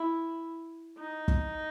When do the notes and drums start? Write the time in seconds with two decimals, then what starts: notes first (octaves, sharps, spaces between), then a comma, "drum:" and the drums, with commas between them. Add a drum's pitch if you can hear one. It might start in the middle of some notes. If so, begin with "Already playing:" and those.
Already playing: E4
0.99 D#4
1.28 drum: kick